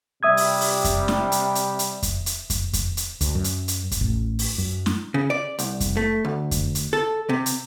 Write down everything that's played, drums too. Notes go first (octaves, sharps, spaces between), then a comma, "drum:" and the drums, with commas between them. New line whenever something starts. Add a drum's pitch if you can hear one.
C3 G3 E5 D#6 G#6
drum: open hi-hat
drum: open hi-hat
drum: kick F2, hi-hat
drum: snare
drum: hi-hat
drum: hi-hat
drum: hi-hat
drum: kick F2, hi-hat
drum: hi-hat
drum: kick F2, hi-hat
drum: kick F2, hi-hat
drum: hi-hat
D2, drum: hi-hat
F#2
drum: hi-hat
drum: hi-hat
drum: kick F2, hi-hat
A1
drum: open hi-hat
F#2
drum: snare
C#3
D5
C2, drum: hi-hat
drum: kick F2, hi-hat
A3
D2
drum: kick F2, hi-hat
drum: hi-hat
A4
C3
drum: hi-hat